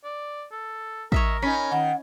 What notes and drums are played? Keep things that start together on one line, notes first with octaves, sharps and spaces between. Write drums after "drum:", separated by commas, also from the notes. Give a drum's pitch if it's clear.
D5
A4
A#4 C#5 D#5 E5, drum: kick
C#4 D#4 B5
D#3 F#5